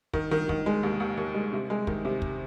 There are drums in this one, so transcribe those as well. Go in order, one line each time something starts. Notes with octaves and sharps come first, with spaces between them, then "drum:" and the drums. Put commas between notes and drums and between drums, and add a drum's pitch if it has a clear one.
D#3, drum: kick
D#3
D#3, drum: kick
G#3
D#2
D#2
D#2
G#3
C3
G#3
D#3, drum: kick
C3
drum: kick